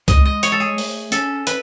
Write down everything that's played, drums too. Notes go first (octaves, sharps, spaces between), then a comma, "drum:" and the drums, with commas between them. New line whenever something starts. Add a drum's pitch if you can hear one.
G#3 D#5, drum: kick C#2, hi-hat
D#5
C#5, drum: hi-hat
A4
G#4
A3, drum: open hi-hat
C#4 A4, drum: hi-hat
B4, drum: hi-hat